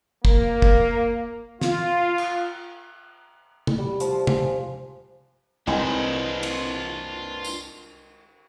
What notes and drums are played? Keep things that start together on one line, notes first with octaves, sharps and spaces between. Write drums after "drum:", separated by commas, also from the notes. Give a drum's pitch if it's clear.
A#3, drum: kick
drum: kick
F4, drum: snare
drum: cymbal
drum: tom
G3
F3, drum: hi-hat
G#4, drum: tom
C2 D#3 G#3 D4 F4 B4 C5 B5
drum: cymbal
drum: tambourine